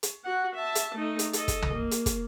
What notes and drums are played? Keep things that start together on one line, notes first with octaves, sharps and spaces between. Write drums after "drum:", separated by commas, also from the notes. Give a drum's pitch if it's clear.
drum: hi-hat
F#4 F#5
E5 A5
drum: hi-hat
A3 D#4
drum: hi-hat
A4 D#5, drum: hi-hat
drum: kick, hi-hat
drum: tom
A#3
drum: hi-hat
drum: kick, hi-hat